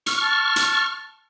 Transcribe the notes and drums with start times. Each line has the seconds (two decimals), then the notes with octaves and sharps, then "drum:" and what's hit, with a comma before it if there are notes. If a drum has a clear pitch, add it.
0.06 C#6 F6, drum: hi-hat
0.23 A5
0.56 drum: hi-hat